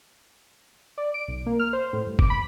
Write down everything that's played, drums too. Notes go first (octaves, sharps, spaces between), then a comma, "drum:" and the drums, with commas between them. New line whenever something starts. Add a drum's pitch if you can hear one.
D5
D7
B1
A#3
F6
C5
A2
G2
D6, drum: kick F#1
B5